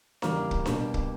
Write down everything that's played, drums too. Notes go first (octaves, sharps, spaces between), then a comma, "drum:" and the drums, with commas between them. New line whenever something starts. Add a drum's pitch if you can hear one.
E2 C#3 G3 A#3, drum: snare D4
drum: kick
B2 G3 B3 D4 G4, drum: snare D4
drum: kick